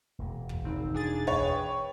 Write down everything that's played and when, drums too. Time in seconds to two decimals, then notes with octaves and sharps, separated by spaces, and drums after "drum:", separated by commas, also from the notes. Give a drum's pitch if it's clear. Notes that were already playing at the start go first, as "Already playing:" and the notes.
0.19 E1 A#2
0.49 drum: kick
0.65 G#1 C4 D#4
0.94 D4 G#4 A6
1.27 B4 C#5 G5, drum: kick